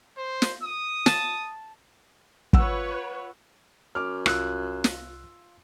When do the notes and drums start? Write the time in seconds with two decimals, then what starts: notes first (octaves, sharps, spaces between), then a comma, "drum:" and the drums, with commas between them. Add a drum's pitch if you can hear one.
0.18 C5
0.42 drum: snare
0.63 D#6
1.06 A5, drum: snare
2.53 F4 B4 C#5 F#5 E6, drum: kick
3.95 F#2 D6 F6
4.26 C2 F4 E6 F#6, drum: rim click
4.84 drum: snare